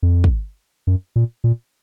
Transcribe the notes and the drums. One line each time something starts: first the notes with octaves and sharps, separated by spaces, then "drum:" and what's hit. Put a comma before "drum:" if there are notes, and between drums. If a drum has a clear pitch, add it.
F2
drum: kick
F#2
A#2
A#2